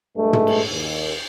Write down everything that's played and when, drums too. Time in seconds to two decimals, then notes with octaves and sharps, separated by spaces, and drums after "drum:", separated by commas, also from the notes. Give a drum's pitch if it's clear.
0.16 A#1 G2 G#3 A3
0.33 drum: tom
0.47 drum: cymbal
0.72 D#2